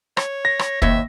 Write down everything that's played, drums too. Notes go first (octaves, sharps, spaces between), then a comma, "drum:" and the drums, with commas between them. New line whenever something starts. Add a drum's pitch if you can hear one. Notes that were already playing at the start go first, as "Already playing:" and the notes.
C#5, drum: rim click
A#6
drum: rim click
D#2 C#4 E5, drum: kick